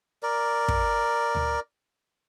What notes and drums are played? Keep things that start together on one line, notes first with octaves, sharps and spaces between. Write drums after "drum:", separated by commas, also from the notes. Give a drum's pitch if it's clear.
A#4 D5
drum: kick
drum: tom D2